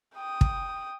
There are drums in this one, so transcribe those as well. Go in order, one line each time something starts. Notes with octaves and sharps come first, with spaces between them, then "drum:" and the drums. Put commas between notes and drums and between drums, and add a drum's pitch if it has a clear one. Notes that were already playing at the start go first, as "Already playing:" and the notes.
G5 D#6
drum: kick